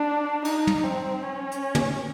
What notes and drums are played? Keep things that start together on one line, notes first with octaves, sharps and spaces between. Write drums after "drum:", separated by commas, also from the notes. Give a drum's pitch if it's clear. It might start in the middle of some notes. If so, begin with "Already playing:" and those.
Already playing: D4
D#4, drum: cymbal
drum: tom
C4
C#4
drum: hi-hat
drum: tom